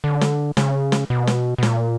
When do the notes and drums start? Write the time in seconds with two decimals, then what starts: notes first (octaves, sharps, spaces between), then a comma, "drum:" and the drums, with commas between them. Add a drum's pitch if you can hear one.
0.04 D3
0.21 drum: snare
0.57 C#3, drum: snare
0.92 drum: snare
1.10 B2
1.27 drum: snare
1.58 B2
1.63 A#2, drum: snare